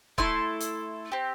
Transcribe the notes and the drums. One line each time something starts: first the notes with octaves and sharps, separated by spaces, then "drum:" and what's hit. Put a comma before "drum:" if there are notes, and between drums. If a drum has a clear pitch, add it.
A3 E4 A4 C6, drum: kick
drum: hi-hat
C4 G4